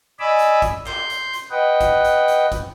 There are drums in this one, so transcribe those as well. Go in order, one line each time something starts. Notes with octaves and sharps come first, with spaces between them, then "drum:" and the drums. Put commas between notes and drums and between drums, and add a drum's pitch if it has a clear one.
D5 D#5 G#5 B5 D6 E6
drum: hi-hat
drum: kick, hi-hat
C6 G6, drum: clap
drum: hi-hat
drum: hi-hat
B4 D#5 F#5 G5
drum: kick, hi-hat
drum: hi-hat
drum: hi-hat
drum: kick, hi-hat